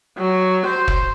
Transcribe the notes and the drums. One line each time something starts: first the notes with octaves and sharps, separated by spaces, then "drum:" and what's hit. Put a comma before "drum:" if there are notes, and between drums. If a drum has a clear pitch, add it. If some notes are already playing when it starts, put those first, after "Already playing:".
F#3
C5
drum: kick